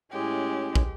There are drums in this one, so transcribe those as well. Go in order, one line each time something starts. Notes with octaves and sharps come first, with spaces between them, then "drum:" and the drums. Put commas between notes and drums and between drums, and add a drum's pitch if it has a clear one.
A2 G#3 C#4 G4
drum: kick